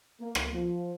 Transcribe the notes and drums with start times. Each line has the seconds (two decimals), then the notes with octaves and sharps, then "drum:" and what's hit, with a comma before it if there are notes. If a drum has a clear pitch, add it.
0.21 A#3
0.35 drum: rim click
0.54 F3